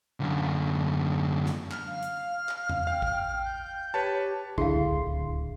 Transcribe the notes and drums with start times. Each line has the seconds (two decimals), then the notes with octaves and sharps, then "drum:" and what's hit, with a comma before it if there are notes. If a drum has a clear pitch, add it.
0.20 F#2 D3
1.46 drum: snare
1.71 F6, drum: clap
1.87 F5
2.03 drum: hi-hat
2.49 drum: clap
2.69 drum: tom E2
2.87 F5 G5
3.02 drum: kick A1
3.45 G6
3.94 G4 B4 C#5 A5
4.58 D1 C#2 D3 E4 G#4 F5 C6, drum: kick A1